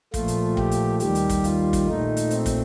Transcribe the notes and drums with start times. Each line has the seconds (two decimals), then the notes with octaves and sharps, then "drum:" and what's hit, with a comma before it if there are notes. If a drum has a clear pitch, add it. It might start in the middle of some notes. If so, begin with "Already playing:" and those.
0.14 A#2 F3 A3 F4, drum: kick, hi-hat
0.28 drum: hi-hat
0.57 G4, drum: kick
0.71 drum: hi-hat
1.00 D#2 D#3 G3 G4, drum: hi-hat
1.15 drum: hi-hat
1.29 drum: kick, hi-hat
1.44 F4, drum: hi-hat
1.73 drum: kick, hi-hat
1.88 A#2 A3 D#4
2.17 drum: hi-hat
2.31 C4, drum: hi-hat
2.46 drum: kick, hi-hat